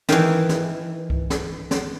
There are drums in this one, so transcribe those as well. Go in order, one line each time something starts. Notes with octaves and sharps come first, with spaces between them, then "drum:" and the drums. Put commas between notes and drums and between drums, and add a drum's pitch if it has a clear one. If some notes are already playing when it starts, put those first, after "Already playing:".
D#3 E3, drum: snare
drum: snare
drum: kick C2
drum: snare
drum: snare